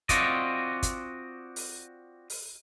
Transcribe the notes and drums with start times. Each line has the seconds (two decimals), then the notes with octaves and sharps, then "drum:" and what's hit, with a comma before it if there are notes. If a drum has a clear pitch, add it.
0.09 C4 F4 F#4 D5 D#5, drum: kick, hi-hat
0.83 drum: kick, hi-hat
1.56 drum: open hi-hat
2.30 drum: open hi-hat